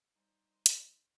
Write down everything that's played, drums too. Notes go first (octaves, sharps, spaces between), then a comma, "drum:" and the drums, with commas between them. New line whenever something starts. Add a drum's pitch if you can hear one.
G3 D#4 C5
drum: hi-hat